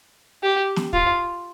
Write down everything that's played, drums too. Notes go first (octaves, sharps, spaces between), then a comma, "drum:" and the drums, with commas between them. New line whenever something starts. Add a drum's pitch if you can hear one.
G4
drum: snare
F4, drum: kick